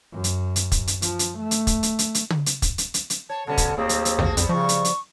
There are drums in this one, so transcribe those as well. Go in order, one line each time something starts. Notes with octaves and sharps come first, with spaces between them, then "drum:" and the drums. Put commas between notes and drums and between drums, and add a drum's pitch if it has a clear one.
F#2
drum: hi-hat
drum: hi-hat
drum: kick, hi-hat
drum: hi-hat
F3, drum: hi-hat
drum: hi-hat
A3
drum: hi-hat
drum: kick, hi-hat
drum: hi-hat
drum: hi-hat
drum: hi-hat
drum: tom
drum: hi-hat
drum: kick, hi-hat
drum: hi-hat
drum: hi-hat
drum: hi-hat
C#5 A5
B2 D3 G3 C#4 A5
drum: kick, hi-hat
D#2 A2 C4 G#4
drum: hi-hat
drum: hi-hat
F2 A3 A#3 F#4, drum: tom
F2 G3 B3 C4, drum: hi-hat
C#3 F3 C#6
drum: hi-hat
drum: hi-hat